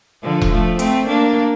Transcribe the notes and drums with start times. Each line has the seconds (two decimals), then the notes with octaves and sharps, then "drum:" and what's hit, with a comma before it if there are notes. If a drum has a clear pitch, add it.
0.22 D3 F3
0.41 drum: kick E1
0.51 F3 A3
0.79 A3 C4, drum: hi-hat
1.07 A#3 D4